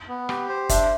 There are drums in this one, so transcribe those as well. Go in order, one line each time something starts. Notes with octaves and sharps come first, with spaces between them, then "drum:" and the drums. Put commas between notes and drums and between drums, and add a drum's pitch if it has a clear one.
B3
G4, drum: rim click
C5
D4 E5, drum: kick, hi-hat